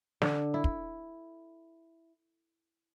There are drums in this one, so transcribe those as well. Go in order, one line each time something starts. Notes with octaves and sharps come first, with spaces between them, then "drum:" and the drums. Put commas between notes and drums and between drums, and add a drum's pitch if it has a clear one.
D3, drum: snare
E4
drum: kick